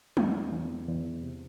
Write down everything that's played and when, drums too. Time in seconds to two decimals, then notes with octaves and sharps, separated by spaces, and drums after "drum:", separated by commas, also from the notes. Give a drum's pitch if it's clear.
0.17 E2, drum: tom
0.52 E2
0.88 E2
1.23 C3